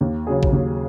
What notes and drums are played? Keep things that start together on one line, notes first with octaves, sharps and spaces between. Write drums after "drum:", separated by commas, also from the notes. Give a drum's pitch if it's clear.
D#2
C#3 F#3 C#4 G#4
drum: kick A1
D#2